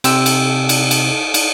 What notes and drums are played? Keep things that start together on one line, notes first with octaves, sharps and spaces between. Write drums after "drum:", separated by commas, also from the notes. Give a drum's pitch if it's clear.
C3 G5 E6, drum: cymbal
drum: cymbal
drum: cymbal
drum: cymbal
drum: cymbal